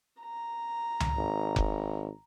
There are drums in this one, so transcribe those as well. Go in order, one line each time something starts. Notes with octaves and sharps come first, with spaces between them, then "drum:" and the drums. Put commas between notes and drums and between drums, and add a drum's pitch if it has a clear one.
A#5
drum: tom C#2
G#1
drum: kick F1